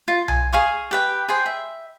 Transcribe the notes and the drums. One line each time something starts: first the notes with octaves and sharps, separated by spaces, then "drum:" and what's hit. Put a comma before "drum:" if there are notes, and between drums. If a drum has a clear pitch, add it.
F4
G#5, drum: tom B1
G#4 F5 C#6 D#6
G4 B4 G5
G#4 C5 G5
E5